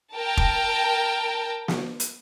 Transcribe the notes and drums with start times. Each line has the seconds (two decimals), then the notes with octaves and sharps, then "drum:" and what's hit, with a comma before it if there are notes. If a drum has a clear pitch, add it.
0.14 A#4 G5 A5
0.37 drum: kick
1.68 drum: snare
2.00 drum: hi-hat